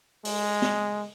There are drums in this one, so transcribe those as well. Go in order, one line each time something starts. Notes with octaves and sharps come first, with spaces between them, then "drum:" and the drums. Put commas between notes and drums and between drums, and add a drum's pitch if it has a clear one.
G#3, drum: open hi-hat
drum: snare